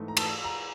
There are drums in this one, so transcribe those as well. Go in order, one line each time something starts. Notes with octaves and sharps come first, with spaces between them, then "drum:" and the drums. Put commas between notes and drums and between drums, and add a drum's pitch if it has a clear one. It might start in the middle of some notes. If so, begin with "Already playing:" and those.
Already playing: G#2 E3 A3
A#5
A5, drum: cymbal
A#5